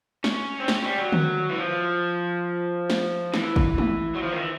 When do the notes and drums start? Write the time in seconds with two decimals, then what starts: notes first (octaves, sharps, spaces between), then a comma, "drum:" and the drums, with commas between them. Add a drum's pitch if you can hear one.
0.24 C#4, drum: snare
0.60 C4
0.68 C#4, drum: snare
0.82 G3
0.98 F#3
1.12 drum: tom D3
1.50 E3
1.57 F3
2.90 drum: snare
3.34 E3, drum: snare
3.56 drum: kick
3.78 drum: tom G#3
4.15 F#3
4.23 F3
4.32 D#3
4.38 E3